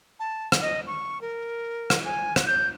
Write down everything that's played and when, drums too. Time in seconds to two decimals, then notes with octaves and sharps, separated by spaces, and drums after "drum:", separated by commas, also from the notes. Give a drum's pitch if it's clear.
0.19 A5
0.52 drum: rim click
0.62 D#5
0.87 C#6
1.21 A#4
1.90 drum: rim click
2.05 G#5
2.36 drum: rim click
2.47 G6